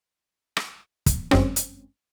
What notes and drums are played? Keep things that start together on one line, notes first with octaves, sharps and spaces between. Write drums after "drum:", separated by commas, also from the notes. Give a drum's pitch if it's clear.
drum: rim click
drum: kick, hi-hat
G1 F#2 G#3 C4 C#4, drum: rim click
drum: hi-hat